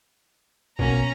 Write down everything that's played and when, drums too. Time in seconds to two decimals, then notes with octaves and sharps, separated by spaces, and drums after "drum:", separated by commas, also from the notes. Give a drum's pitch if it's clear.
0.79 B2 A#3 C#4 A#5, drum: kick A#1